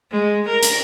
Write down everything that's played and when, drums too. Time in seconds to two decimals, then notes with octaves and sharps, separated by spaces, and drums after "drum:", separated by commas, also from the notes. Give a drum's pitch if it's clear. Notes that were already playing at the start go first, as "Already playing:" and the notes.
0.11 G#3
0.48 A#4
0.63 drum: hi-hat